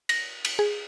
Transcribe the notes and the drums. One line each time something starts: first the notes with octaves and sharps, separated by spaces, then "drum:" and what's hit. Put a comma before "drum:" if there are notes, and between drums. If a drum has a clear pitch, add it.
A#6, drum: cymbal
drum: cymbal
G#4